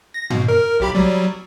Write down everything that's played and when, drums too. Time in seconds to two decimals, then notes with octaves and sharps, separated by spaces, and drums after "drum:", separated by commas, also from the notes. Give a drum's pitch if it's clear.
0.14 A#6
0.30 B2, drum: tom G2
0.48 A#4
0.80 B1 G4 B5
0.95 F#3 G3